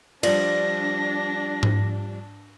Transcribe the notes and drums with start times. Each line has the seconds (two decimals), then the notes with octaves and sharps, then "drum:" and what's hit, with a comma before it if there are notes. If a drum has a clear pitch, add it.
0.23 F3 G3 D4 D5 A#6, drum: cymbal
1.63 drum: tom G#2